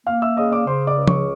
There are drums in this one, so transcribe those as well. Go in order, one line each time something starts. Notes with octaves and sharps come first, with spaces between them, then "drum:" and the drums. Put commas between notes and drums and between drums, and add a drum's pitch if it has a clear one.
A#3 F5 F6
E5 E6
C#3 D#5 D#6
D5 D6
C#3 C5 C6
D5 D6
C#2
C#5 C#6, drum: tom F3